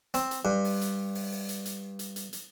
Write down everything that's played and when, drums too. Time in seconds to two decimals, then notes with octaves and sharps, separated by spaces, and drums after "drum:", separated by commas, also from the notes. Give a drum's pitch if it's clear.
0.14 C4, drum: hi-hat
0.31 drum: hi-hat
0.45 G2
0.65 drum: open hi-hat
0.81 drum: hi-hat
1.15 drum: open hi-hat
1.32 drum: open hi-hat
1.49 drum: hi-hat
1.65 drum: hi-hat
1.99 drum: hi-hat
2.16 drum: hi-hat
2.33 drum: hi-hat